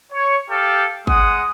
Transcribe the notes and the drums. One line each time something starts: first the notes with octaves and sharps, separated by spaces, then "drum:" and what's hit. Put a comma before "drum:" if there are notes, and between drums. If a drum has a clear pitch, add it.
C#5
G4 A4 F5 G5
G#3 F#5 D#6, drum: kick